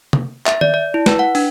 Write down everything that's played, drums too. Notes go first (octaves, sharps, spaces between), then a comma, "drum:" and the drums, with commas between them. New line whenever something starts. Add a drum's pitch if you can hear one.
drum: tom C3
E5, drum: clap
D5, drum: tom D#3
D5
E4
B4, drum: snare
F#5
D4, drum: open hi-hat